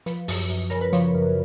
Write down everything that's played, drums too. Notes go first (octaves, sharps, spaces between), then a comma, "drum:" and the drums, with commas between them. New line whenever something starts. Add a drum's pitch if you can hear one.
F3 B4, drum: hi-hat
F#2, drum: open hi-hat
F#2
C#3 A#4, drum: hi-hat
B4
F3 C#5, drum: hi-hat
F#2